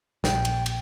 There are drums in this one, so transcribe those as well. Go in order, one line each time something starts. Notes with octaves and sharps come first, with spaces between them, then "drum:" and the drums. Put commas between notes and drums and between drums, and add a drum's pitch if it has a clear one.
A#1 G5, drum: snare
drum: cymbal
drum: cymbal